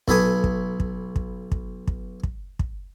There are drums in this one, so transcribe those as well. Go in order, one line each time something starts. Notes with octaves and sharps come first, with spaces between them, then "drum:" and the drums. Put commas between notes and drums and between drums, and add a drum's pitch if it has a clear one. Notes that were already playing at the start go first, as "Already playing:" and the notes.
B1 A4 B4 G#5 D#6, drum: kick
drum: kick
drum: kick
drum: kick
drum: kick
drum: kick
drum: kick
drum: kick